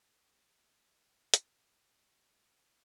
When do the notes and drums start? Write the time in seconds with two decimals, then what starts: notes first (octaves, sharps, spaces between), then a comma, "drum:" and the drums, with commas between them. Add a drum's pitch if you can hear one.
0.14 G4 B6
1.34 drum: hi-hat